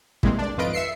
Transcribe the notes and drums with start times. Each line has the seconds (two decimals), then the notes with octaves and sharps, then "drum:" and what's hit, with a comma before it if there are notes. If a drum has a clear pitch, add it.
0.23 E3 G3 G#3 A#3 C4, drum: kick
0.38 D4 D5
0.57 G#1 F2 F4 B4 D#5 D7
0.73 E5 E6 C7 C#7